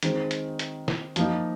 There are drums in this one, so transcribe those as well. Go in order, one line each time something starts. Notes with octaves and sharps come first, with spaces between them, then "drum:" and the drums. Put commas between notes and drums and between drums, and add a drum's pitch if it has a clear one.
D#3 G#3 C4, drum: hi-hat
drum: hi-hat
drum: hi-hat
drum: snare
F3 A#3 D#4, drum: hi-hat